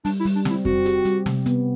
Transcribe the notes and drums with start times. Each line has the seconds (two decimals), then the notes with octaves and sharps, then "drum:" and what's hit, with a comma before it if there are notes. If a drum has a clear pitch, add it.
0.05 G3 D4, drum: open hi-hat
0.20 E4
0.25 G3, drum: open hi-hat
0.36 D4
0.45 C4 E4, drum: snare
0.65 C4 F#4, drum: kick F2
0.85 G4, drum: hi-hat
1.05 G3, drum: hi-hat
1.26 C3, drum: snare
1.46 B3, drum: hi-hat